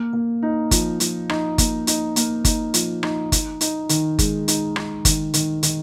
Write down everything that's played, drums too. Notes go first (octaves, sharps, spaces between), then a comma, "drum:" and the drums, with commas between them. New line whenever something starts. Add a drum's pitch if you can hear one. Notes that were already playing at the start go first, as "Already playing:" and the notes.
Already playing: A#3
A#3
D#4
F3, drum: kick G1, hi-hat
F3, drum: hi-hat
D#4, drum: rim click
A#3, drum: kick G1, hi-hat
D#4, drum: hi-hat
A#3, drum: hi-hat
D#4, drum: kick G1, hi-hat
F3, drum: hi-hat
D#4, drum: rim click
D#4, drum: kick G1, hi-hat
D#4, drum: hi-hat
D#3, drum: hi-hat
G#3, drum: kick G1, hi-hat
D#4, drum: hi-hat
D#4, drum: rim click
D#3, drum: kick G1, hi-hat
D#3, drum: hi-hat
D#3, drum: hi-hat